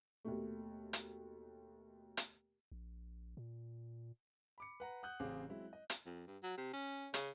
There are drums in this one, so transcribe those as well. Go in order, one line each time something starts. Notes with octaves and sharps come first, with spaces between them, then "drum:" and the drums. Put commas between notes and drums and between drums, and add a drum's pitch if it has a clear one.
D#2 B2 A3
drum: hi-hat
drum: hi-hat
A#1
A#2
B5 D6 C#7
B4 F#5 A#5
F#5 D#6 F#6 G6
A1 C#3 C4 G#4 F5 D6
F#3 G#3 C4 E4
D#5
drum: hi-hat
F2
G2
F#3
C3
C#4
C#3, drum: hi-hat